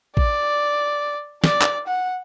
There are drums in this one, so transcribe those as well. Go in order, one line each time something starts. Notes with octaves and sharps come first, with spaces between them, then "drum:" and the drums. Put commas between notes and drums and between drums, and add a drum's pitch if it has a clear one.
D5, drum: kick A1
D5, drum: snare
drum: clap
F#5